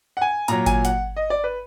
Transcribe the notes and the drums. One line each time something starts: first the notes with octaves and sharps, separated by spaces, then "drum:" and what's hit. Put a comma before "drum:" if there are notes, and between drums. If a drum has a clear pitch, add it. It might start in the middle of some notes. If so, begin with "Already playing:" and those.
F#5
G#5
A#2 F#3 A#5, drum: hi-hat
G#5, drum: kick G#1, hi-hat
F#5, drum: hi-hat
D#5
D5
B4